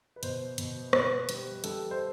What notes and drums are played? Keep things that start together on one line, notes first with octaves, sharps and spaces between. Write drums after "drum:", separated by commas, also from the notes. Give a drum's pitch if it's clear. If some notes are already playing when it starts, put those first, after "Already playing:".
B4
B2 C5, drum: hi-hat
B2, drum: hi-hat
B2 B4, drum: rim click
G3, drum: hi-hat
G3 A4, drum: hi-hat
C5